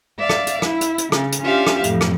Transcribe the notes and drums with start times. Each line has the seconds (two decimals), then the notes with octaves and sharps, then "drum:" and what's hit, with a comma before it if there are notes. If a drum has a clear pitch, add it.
0.18 D5 E5 F5
0.29 drum: rim click
0.47 drum: hi-hat
0.62 E4, drum: rim click
0.81 drum: hi-hat
0.98 drum: hi-hat
1.12 C#3, drum: rim click
1.32 drum: hi-hat
1.43 C#4 D4 F4 G4 E5 F5
1.67 drum: rim click
1.84 F2 A2 F3, drum: hi-hat
2.01 drum: rim click